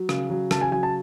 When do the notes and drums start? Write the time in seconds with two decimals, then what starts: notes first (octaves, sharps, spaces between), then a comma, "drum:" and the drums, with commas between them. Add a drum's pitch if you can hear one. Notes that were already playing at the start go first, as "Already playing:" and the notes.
Already playing: F#3
0.09 C#3, drum: rim click
0.30 F#3
0.51 C#3 A5, drum: rim click
0.61 G#5
0.72 F#3 G#5
0.83 A5